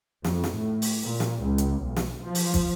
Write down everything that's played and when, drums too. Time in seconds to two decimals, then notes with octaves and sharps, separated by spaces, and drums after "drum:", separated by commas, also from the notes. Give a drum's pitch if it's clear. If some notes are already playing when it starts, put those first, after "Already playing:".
0.24 F2, drum: snare
0.44 drum: snare
0.56 A2
0.82 drum: open hi-hat
1.04 A#2
1.20 drum: snare
1.44 C#2
1.58 drum: hi-hat
1.82 B1
1.96 drum: snare
2.21 F3
2.35 drum: open hi-hat
2.54 drum: kick, hi-hat